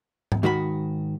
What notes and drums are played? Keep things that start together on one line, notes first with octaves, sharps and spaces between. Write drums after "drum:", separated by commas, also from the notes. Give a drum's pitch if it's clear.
drum: tom G#2
G#2 D#3 F#4 B4 B5